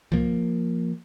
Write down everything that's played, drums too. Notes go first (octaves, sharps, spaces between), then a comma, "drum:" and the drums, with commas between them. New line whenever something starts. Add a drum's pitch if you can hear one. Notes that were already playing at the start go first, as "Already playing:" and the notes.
F3 A#3, drum: tom